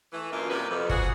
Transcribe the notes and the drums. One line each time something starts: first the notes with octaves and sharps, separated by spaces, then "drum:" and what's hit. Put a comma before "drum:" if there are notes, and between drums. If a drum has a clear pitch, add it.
E3 A3
F#2 B2 A3 A#3 F4
C3 G3 A#3 G4 B4
F2
F#4 G#4, drum: kick